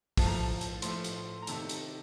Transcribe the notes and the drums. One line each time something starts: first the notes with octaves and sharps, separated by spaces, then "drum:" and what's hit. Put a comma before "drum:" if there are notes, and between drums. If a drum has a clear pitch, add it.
A2 F3 A3 A5, drum: kick, open hi-hat
A#5
A5
drum: hi-hat
A2 F3 A3 C6, drum: hi-hat
drum: hi-hat
A#5
C3 D#3 A3 A5, drum: hi-hat
drum: hi-hat